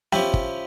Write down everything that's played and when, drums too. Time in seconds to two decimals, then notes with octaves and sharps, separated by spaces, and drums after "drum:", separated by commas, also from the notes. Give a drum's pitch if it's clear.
0.12 F3 C#4 E4 G4, drum: snare
0.34 drum: kick